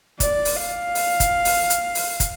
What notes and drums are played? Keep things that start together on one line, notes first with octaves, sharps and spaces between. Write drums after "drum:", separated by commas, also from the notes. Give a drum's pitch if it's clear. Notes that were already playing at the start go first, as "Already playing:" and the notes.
D5, drum: kick, hi-hat
drum: open hi-hat
F5
drum: open hi-hat
drum: kick, hi-hat
drum: open hi-hat
drum: hi-hat
drum: open hi-hat
drum: kick, hi-hat